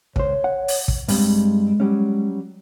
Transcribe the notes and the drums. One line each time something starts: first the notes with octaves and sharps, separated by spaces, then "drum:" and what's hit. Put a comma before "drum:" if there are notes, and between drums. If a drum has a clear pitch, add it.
C#2 C5 C#5, drum: kick
F#5
drum: open hi-hat
drum: kick
G2 G3 G#3 C4, drum: open hi-hat
F#3 G3 C#4